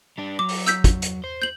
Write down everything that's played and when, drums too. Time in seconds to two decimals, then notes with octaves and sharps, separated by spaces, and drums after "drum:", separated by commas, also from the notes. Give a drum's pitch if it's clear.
0.18 G3 D4
0.39 F#3 D6
0.49 drum: open hi-hat
0.67 E6 G6 B6, drum: hi-hat
0.84 drum: kick, hi-hat
1.02 drum: hi-hat
1.24 C5
1.42 G6 F#7